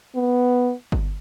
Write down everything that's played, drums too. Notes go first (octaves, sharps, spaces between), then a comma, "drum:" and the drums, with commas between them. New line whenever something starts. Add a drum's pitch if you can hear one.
B3
drum: kick G1